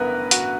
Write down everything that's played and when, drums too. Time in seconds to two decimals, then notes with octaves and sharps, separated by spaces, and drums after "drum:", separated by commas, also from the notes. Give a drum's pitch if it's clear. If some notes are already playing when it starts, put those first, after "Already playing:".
Already playing: A1 G2 D3 B3 A#4 B4
0.31 F#4, drum: hi-hat